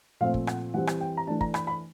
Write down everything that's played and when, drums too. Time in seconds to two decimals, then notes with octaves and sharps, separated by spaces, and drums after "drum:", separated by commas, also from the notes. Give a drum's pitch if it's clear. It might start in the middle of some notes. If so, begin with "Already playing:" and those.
0.21 A#2 F3 A3 C4 F5
0.34 drum: kick
0.47 F#5, drum: rim click
0.74 E3 G3 C4 F#5
0.87 drum: rim click
1.01 G5
1.17 A#5
1.27 E3 A3 D4 A5
1.41 A#5, drum: kick
1.54 B5, drum: rim click
1.67 B5